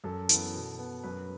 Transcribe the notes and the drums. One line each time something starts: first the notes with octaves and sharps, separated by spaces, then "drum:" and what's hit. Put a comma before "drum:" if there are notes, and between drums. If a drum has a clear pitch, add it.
F#2 A4
E3 B3, drum: hi-hat
B2
B3
F#2 B4